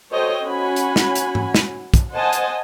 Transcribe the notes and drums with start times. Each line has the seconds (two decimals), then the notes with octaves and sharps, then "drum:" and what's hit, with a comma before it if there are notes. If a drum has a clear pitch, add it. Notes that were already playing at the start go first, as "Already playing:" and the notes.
0.11 F#4 A4 C5 C#5 D#5 G5
0.45 C#4 F#4 F#5 G#5 B5
0.76 drum: hi-hat
0.96 drum: snare
1.15 drum: hi-hat
1.35 drum: tom G#2
1.55 drum: snare
1.94 drum: kick, hi-hat
2.13 C5 D#5 F#5 G#5 A5
2.33 drum: hi-hat